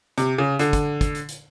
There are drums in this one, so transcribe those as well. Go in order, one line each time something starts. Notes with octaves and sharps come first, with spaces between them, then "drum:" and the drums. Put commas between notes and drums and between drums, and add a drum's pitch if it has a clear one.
C3, drum: hi-hat
C#3
D3, drum: hi-hat
drum: kick, hi-hat
drum: kick, hi-hat
drum: hi-hat
drum: hi-hat